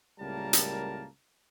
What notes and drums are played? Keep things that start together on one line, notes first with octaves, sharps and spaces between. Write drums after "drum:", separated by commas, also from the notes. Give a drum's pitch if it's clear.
C#2 A2 G3 A#3 A#4 A5
drum: hi-hat